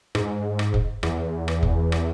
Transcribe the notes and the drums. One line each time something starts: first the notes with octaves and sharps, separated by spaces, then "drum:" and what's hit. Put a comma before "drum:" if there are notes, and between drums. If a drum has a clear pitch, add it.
G#2, drum: rim click
drum: rim click
drum: kick F1
E2, drum: rim click
drum: rim click
drum: kick F1
drum: rim click